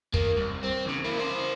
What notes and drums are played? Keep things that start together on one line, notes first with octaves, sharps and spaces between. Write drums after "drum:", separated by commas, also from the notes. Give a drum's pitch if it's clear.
D#3 A#3, drum: kick
C2
C4
E2 C#3
A#3 E4
E4 C5